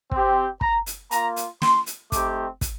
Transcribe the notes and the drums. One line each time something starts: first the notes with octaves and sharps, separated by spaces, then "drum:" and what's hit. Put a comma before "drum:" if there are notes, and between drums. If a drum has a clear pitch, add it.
C4 G4, drum: kick
A#5, drum: kick
drum: hi-hat
A#3 F4 A#5, drum: hi-hat
drum: hi-hat
C6, drum: snare
drum: hi-hat
A3 C4 D#4 G4 D6, drum: kick, hi-hat
drum: kick, hi-hat